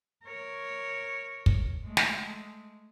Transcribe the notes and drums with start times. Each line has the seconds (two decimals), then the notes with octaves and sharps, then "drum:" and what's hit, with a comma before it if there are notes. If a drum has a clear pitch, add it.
0.24 A#4 C#5
1.46 drum: kick
1.84 G#3 A3
1.97 drum: snare